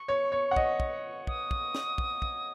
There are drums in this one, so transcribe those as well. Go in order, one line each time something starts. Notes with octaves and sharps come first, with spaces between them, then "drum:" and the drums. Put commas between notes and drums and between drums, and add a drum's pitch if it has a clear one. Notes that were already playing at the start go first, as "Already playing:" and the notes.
Already playing: C#6
C#5
C#5
F#5
D#5, drum: kick
drum: kick
D#6, drum: kick
drum: kick
drum: snare
drum: kick
drum: kick